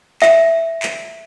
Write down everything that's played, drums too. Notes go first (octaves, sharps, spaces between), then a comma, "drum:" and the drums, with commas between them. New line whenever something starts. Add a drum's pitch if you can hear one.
E5, drum: clap
drum: clap